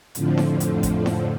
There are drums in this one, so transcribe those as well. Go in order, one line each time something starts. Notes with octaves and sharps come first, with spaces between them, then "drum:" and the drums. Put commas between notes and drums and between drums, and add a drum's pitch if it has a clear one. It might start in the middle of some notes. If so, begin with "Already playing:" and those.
F2 A2 D3 F3, drum: hi-hat
drum: snare E4
drum: hi-hat
drum: kick G#1, hi-hat
drum: snare E4